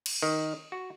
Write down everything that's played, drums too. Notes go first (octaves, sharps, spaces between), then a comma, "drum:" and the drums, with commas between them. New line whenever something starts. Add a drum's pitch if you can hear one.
drum: cymbal
D#3
F#4